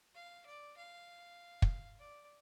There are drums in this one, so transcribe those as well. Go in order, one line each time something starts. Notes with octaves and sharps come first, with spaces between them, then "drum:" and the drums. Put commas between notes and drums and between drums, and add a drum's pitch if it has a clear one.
F5
D5
F5
drum: kick
D5